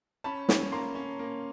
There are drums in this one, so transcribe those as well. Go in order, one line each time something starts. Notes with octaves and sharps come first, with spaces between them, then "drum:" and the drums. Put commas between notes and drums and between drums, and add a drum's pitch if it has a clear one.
C#4 A5 B5
C#4, drum: snare
A#3 A#5 C6
C#4
A#3